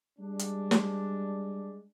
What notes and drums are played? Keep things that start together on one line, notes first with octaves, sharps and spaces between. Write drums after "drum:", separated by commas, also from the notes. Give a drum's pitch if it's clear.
G3 G#3 D4
drum: hi-hat
drum: snare